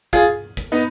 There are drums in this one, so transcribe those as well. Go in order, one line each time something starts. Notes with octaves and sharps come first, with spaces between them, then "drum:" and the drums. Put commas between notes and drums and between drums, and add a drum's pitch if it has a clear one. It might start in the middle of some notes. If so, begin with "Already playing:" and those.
F4 G#4, drum: kick, hi-hat
drum: kick, hi-hat
B3 D#4